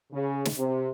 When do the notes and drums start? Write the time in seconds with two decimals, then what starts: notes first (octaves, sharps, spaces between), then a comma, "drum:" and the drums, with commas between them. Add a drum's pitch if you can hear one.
0.13 C#3
0.45 drum: snare
0.58 C3